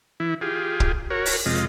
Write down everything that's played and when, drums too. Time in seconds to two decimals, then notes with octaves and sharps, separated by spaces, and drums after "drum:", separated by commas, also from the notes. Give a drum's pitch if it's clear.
0.20 E3 E4
0.41 F4 G4 G#4
0.80 drum: kick
1.10 F#4 A#4 C#5
1.25 drum: open hi-hat
1.46 F2 C3 G#3 F4 D#5